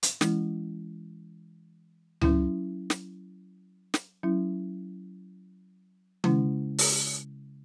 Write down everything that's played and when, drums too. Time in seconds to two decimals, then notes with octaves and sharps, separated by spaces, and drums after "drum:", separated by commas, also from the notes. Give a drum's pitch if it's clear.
0.03 drum: hi-hat
0.21 E3 G#3 C#4 E4, drum: snare
2.21 F#3 C#4 E4, drum: tom C#2
2.90 drum: snare
3.94 drum: snare
4.23 F#3 C#4 E4
6.24 C#3 G#3 C#4 E4, drum: tom D#3
6.78 drum: open hi-hat